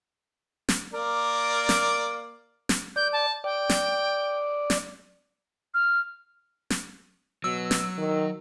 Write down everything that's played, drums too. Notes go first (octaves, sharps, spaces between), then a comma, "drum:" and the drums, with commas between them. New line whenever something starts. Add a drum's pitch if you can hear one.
drum: snare
A#3 A#4 D5
drum: snare
drum: snare
D5 G6
A5
D5 G5
drum: snare
drum: snare
F6
drum: snare
B2 F#3 E6
drum: snare
D#3